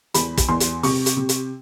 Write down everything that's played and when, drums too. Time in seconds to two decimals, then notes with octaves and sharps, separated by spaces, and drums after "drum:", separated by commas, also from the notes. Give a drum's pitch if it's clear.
0.14 E2 B5, drum: hi-hat
0.37 drum: kick, hi-hat
0.48 E2 C6
0.60 drum: hi-hat
0.83 C3 C#6, drum: open hi-hat
1.06 drum: hi-hat
1.17 C3
1.29 drum: hi-hat